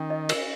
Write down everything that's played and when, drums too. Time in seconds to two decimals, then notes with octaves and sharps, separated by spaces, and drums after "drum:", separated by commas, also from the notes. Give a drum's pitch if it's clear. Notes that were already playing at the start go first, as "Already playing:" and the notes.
Already playing: D#3 C#4
0.10 D#5
0.29 A#4, drum: cymbal